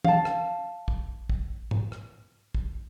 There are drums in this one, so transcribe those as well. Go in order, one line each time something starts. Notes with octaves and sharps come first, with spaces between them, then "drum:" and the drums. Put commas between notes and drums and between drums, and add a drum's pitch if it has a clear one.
F5 A5, drum: tom
drum: rim click
drum: kick
drum: kick
drum: tom
drum: rim click
drum: kick